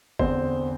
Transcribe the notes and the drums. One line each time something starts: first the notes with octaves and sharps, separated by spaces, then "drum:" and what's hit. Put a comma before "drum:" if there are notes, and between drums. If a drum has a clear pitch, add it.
E2 D3 C4 C5, drum: kick G1